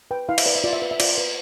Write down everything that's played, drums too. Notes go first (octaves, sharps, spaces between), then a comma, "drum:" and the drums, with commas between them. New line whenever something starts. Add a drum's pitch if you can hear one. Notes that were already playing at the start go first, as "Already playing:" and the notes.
B4 G5
E4 F5
E5, drum: cymbal
B4 D5
E5
F4 D5
E5
B4
E5
F4 D5, drum: cymbal
B4